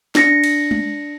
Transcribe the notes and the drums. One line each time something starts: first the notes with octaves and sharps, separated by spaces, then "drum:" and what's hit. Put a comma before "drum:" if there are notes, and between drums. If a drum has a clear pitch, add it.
D4 A#6 C#7, drum: snare
drum: cymbal
drum: tom G#3